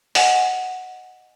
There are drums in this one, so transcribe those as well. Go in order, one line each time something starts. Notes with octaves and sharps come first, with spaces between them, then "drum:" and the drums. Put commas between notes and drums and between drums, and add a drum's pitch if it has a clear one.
D#5 F#5 G#5, drum: open hi-hat